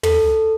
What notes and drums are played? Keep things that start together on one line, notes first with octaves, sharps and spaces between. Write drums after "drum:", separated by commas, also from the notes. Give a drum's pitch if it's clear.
A4, drum: tom